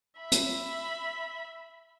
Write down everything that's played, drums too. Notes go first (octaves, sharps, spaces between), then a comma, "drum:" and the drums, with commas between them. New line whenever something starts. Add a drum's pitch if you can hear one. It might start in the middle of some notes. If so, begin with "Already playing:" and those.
E5 B5
drum: hi-hat